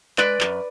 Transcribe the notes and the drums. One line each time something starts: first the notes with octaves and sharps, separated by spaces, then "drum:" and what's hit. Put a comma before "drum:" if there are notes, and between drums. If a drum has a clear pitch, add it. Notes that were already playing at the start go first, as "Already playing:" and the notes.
G#3 B4 D5, drum: clap
F#2, drum: clap